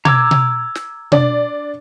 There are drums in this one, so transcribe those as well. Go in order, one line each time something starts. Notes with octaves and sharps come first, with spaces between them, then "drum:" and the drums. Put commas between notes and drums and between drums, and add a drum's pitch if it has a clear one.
A#5 D6 E6 G#6, drum: tom B2
drum: tom B2
drum: snare
D4 D5, drum: tom B2